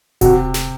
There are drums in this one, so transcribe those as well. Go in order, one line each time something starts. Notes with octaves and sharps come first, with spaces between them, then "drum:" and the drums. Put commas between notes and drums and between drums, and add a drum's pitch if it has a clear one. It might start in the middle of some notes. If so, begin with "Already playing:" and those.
C3 F#4, drum: kick D#1, hi-hat
drum: snare